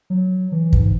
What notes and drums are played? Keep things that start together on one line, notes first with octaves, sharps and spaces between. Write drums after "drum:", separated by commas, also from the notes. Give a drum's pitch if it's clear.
F#3
E3
G#2, drum: kick